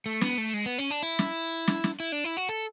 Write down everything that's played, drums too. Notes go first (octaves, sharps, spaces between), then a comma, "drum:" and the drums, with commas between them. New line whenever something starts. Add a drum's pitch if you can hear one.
A3
B3, drum: snare
A3
G#3
B3
C#4
D4
E4
drum: snare
drum: snare
drum: snare
E4
D4
E4
F#4
A4